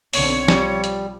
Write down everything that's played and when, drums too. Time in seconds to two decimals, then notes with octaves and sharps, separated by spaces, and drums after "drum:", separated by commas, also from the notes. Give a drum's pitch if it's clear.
0.13 B1 D3 C4 C#5, drum: open hi-hat
0.48 F3 G3, drum: snare
0.84 drum: hi-hat